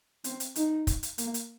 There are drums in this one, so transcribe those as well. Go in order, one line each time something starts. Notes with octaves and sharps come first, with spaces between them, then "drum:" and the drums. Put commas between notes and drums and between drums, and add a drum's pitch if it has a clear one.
C4, drum: hi-hat
drum: hi-hat
D#4, drum: hi-hat
drum: kick, hi-hat
drum: hi-hat
A#3, drum: hi-hat
drum: hi-hat